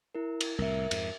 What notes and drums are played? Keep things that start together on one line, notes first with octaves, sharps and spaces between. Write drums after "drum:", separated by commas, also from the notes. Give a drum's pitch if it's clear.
E4 A#4
drum: cymbal
C2 A2 A#4 E5
F2 G#2, drum: cymbal